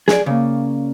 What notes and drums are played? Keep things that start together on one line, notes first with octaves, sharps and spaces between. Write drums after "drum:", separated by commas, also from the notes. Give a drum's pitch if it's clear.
G#4 D5, drum: snare
C#3 A#3 C#4 D5